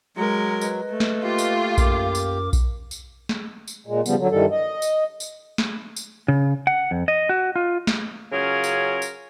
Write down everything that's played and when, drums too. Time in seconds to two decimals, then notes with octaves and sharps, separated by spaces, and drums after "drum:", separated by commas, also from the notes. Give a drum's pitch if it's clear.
0.16 F#3 G#3 A#4
0.61 B4 D#5, drum: tambourine
0.90 A3
1.00 drum: snare
1.23 A#3 F4 G4
1.38 drum: tambourine
1.78 F#2 A#4 D6, drum: kick A#1, tambourine
2.15 drum: tambourine
2.53 drum: kick A#1, tambourine
2.91 drum: tambourine
3.29 drum: snare
3.68 drum: tambourine
3.87 A#2 G#3
4.06 C#3 F3 G3 B3, drum: tambourine
4.19 D3 F#3
4.31 G2 D#3 E3 G3 A4
4.51 D#5
4.82 drum: tambourine
5.20 drum: tambourine
5.58 drum: snare
5.97 drum: tambourine
6.28 C#3
6.67 F#5
6.91 F2
7.08 D#5
7.29 F#4
7.56 F4
7.87 drum: snare
8.32 C#3 F#3 C#4 F4 G#4 A#4
8.64 drum: tambourine
9.02 drum: tambourine